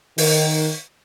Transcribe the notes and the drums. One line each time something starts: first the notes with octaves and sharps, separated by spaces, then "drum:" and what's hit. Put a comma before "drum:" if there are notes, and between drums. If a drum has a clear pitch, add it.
D#3, drum: open hi-hat